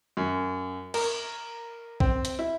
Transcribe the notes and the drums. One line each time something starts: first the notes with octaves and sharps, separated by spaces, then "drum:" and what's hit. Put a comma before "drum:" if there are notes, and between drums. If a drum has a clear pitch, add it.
F#2
A#4, drum: cymbal
C4, drum: kick
drum: hi-hat
E4